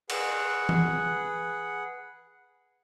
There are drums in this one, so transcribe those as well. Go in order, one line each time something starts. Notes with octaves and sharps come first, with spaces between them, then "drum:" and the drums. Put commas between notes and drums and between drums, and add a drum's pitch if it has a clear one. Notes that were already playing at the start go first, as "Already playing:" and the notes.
G#4 B4 F#5, drum: cymbal
drum: tom E3